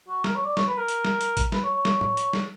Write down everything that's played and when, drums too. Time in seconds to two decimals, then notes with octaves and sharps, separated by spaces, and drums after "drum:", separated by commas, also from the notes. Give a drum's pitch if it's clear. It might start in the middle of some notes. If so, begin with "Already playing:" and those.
0.08 F#4
0.24 A#4, drum: snare
0.35 C#5
0.45 D5
0.57 C#5, drum: snare
0.67 B4
0.78 A#4
0.88 drum: hi-hat
1.05 drum: snare
1.21 drum: hi-hat
1.37 drum: kick A1, hi-hat
1.52 B4, drum: snare
1.63 C#5
1.75 C#5
1.85 drum: snare
2.01 drum: tom
2.17 drum: hi-hat
2.33 drum: snare